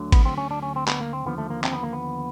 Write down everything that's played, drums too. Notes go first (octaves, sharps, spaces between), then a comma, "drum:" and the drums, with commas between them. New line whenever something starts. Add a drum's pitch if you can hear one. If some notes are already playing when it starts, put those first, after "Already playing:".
Already playing: D2 D3 F#3
B3, drum: kick G#1, cymbal
C4
C#4
D4
C#4
C4
B3, drum: clap
A#3
C4
D#2 D3 F3 B3
A3
A#3
C4, drum: clap
B3
A#3
B3